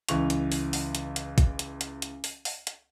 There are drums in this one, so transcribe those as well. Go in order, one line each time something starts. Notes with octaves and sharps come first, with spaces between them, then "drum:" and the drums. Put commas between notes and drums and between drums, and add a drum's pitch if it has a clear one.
C#2 E3 C#6 F7, drum: hi-hat
drum: hi-hat
drum: open hi-hat
drum: open hi-hat
drum: hi-hat
drum: hi-hat
drum: kick A1, hi-hat
drum: hi-hat
drum: hi-hat
drum: hi-hat
drum: open hi-hat
drum: open hi-hat
drum: hi-hat